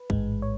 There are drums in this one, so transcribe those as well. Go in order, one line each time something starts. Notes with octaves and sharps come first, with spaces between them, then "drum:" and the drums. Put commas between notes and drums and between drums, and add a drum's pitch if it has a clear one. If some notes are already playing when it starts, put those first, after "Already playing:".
Already playing: B4
A1 G#2 G#3, drum: kick
C#5